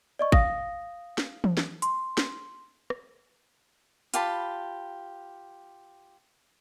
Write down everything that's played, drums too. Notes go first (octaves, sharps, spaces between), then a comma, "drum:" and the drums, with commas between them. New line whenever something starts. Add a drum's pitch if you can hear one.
D5 D#5 C#6
F5 D#6 A#6, drum: kick A1
drum: snare
drum: tom E3
drum: snare
C6, drum: hi-hat
drum: snare
drum: rim click
F4 G4 A5 B5, drum: hi-hat